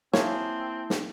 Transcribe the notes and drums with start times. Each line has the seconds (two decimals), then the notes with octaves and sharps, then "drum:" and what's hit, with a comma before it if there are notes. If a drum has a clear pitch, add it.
0.13 A#3 C4 E4 G#4 C#5 E5 A5, drum: snare
0.90 drum: snare